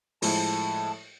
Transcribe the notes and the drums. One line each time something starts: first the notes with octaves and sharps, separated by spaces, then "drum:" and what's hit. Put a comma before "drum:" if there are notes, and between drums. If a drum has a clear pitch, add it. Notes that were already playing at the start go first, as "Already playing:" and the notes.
A2 F3 G#3 A5, drum: open hi-hat